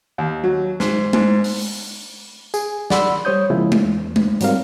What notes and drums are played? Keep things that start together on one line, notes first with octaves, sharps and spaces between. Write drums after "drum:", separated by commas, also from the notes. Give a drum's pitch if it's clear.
D#2
F#3
G#2, drum: snare
G#2, drum: tom G#3
drum: open hi-hat
G#4, drum: tambourine
D5 F#5 B5 C6 E6, drum: snare
G3 C5 C#5 D#6 G6
C#3 F3 G#3 A#3 E4 F4
drum: tom G#3
E2
drum: tom G#3
G#2 F#3 G3 C4 A#4 F5, drum: hi-hat